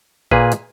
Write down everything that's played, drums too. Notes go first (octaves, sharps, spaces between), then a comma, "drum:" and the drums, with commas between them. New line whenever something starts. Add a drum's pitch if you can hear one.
A#2 A#3 G#4 B4, drum: kick G#1
drum: hi-hat